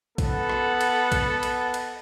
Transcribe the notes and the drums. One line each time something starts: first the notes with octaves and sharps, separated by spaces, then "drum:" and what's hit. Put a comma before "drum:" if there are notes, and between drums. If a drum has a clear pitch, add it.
B3 A4 F#5, drum: kick B1, cymbal
drum: rim click
drum: cymbal
drum: kick B1, cymbal
drum: cymbal
drum: cymbal